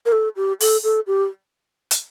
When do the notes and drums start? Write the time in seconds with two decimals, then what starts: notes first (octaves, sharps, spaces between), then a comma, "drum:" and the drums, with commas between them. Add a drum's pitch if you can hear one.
0.06 A#4
0.12 A4
0.36 G4
0.60 A4, drum: open hi-hat
0.84 A4
1.07 G4
1.91 drum: hi-hat